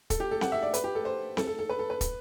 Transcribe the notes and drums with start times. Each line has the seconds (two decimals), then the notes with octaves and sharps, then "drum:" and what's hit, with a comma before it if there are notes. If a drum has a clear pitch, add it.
0.10 A4, drum: kick, hi-hat
0.20 G4
0.31 A4
0.41 F#5, drum: snare C4
0.52 E5
0.63 D5
0.74 B4, drum: hi-hat
0.84 G4
0.95 A4
1.05 C5
1.37 A4, drum: snare C4
1.47 A4
1.59 A4
1.69 B4
1.79 A4
1.90 B4
2.01 drum: kick, hi-hat